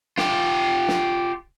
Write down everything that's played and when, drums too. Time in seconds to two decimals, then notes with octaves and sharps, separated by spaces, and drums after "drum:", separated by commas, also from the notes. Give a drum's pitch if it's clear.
0.17 F4 G4, drum: snare
0.88 drum: snare